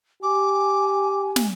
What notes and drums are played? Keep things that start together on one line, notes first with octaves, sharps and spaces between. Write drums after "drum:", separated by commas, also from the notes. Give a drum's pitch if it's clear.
G4 G#5 D6
drum: snare